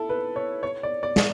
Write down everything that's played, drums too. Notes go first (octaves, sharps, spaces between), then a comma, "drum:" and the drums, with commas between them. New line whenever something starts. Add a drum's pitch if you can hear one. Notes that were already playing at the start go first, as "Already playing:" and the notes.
Already playing: E4 A4
B4
C#5
C#5
D5
D5
drum: snare